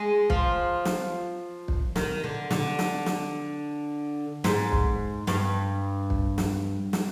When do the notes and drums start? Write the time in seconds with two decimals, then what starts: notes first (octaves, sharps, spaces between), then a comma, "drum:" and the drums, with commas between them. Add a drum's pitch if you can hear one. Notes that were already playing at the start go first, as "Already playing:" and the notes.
Already playing: G#3
0.30 F3, drum: kick
0.85 drum: snare
1.68 drum: kick
1.96 D#3, drum: snare
2.24 D3
2.51 D3, drum: snare
2.79 drum: snare
3.06 drum: snare
4.44 G#2, drum: snare
4.72 drum: kick
5.27 G2, drum: snare
6.10 drum: kick
6.38 drum: snare
6.93 drum: snare